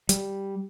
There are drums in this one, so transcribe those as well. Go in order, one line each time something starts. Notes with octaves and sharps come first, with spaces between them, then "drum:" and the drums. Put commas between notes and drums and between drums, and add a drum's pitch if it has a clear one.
G3, drum: hi-hat